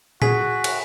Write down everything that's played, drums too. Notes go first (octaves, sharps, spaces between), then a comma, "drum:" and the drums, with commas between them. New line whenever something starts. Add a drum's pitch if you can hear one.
F#4 G#4 G#5 B6, drum: tom A#2
drum: cymbal